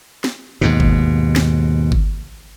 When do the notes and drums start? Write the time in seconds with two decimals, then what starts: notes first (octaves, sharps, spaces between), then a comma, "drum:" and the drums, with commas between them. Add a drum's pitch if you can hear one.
0.24 drum: snare
0.61 D#2 G#2 B2
0.80 drum: kick G1
1.36 drum: snare
1.92 drum: kick G1